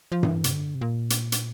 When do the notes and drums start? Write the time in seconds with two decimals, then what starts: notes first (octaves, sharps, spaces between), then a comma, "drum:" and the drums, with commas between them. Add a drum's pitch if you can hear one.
0.12 F3
0.23 E3, drum: tom G2
0.44 C3, drum: hi-hat
0.52 D3
0.75 C3
0.81 A#2
1.10 drum: hi-hat
1.32 drum: hi-hat